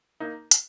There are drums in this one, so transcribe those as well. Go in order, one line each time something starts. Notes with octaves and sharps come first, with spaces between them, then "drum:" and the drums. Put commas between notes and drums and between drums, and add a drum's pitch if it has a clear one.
A#3 D#4
drum: hi-hat